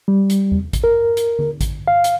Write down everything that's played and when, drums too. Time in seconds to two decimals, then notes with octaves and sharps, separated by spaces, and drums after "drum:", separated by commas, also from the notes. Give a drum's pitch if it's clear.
0.08 G3
0.30 drum: hi-hat
0.52 drum: tom E2
0.73 drum: kick A1, hi-hat
0.84 A#4
1.17 drum: hi-hat
1.39 drum: tom D3
1.61 drum: kick A1, hi-hat
1.88 F5
2.04 drum: hi-hat